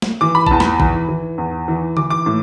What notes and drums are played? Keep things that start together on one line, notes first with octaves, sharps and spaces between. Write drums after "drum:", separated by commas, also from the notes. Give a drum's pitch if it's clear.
drum: snare
E3 D6
B5
E2 A5, drum: kick
B5, drum: snare
E3, drum: kick
E3
E2
E3
E3 D6, drum: tom D3
D6
A2